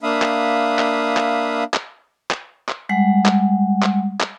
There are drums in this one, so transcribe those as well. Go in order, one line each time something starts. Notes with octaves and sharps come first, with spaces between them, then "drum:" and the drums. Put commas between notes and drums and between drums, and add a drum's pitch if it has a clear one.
A#3 D4 E5 F5 B5 D#6
drum: clap
drum: clap
drum: clap
drum: clap
drum: clap
drum: clap
G3 G#3 F#5
drum: clap
drum: clap
drum: clap